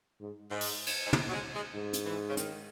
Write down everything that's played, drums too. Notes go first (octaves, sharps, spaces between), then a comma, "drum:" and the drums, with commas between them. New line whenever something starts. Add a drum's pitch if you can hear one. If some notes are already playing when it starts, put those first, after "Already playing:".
G#2
G#2
drum: open hi-hat
drum: cymbal
G#2
A2, drum: tom
F#3
G#3
G#3
G#2
drum: hi-hat
E3
C#3
D#3, drum: hi-hat